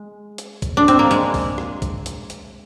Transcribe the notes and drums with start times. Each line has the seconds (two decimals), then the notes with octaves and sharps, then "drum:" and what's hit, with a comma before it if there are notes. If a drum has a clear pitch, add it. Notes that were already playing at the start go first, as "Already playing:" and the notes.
Already playing: G#3
0.38 drum: hi-hat
0.62 drum: kick, hi-hat
0.77 D4
0.88 C4, drum: hi-hat
0.99 A#3
1.11 G#3, drum: hi-hat
1.34 drum: kick, open hi-hat
1.58 drum: rim click
1.82 drum: kick, hi-hat
2.06 drum: hi-hat
2.30 drum: hi-hat